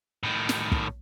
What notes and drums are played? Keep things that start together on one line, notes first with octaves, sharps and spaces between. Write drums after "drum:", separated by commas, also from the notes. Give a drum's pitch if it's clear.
A2 D#3
drum: snare
drum: kick